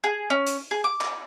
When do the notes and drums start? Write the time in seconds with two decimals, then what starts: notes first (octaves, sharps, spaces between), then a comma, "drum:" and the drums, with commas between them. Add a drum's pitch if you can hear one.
0.04 G#4
0.30 C#4
0.47 drum: hi-hat
0.71 G#4
0.84 D6
1.01 drum: clap